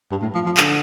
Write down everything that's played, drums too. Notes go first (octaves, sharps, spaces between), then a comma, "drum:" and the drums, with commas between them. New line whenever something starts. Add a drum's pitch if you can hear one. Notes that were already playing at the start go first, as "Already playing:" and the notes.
G2
A2
F3
F3
D3, drum: clap